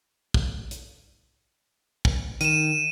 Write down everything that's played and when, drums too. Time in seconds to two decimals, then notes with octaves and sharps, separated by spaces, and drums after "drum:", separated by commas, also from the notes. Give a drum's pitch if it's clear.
0.34 drum: kick
0.71 drum: hi-hat
2.05 drum: kick
2.41 D#3 D#7 E7, drum: hi-hat